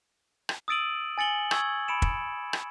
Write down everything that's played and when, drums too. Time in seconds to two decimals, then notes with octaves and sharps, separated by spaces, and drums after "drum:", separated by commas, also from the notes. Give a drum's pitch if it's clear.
0.49 drum: rim click
0.68 D#6 E6 A6 D7 D#7 F#7
1.18 G#5 A6 C#7 F#7 G7
1.51 C#6 E6 G#6, drum: rim click
1.88 B5 C#7 D7 E7
2.02 drum: kick
2.53 drum: rim click